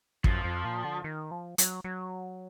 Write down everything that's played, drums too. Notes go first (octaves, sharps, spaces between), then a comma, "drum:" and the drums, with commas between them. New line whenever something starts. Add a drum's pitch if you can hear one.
F#2 F3, drum: kick
F2
A#2
D3
D#3
F3
F#3, drum: hi-hat
F#3